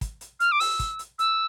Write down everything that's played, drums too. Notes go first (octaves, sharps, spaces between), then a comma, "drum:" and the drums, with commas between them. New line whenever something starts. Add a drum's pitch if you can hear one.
drum: kick, hi-hat
drum: hi-hat
F6, drum: hi-hat
D6
E6, drum: open hi-hat
drum: kick, hi-hat
drum: hi-hat
E6, drum: hi-hat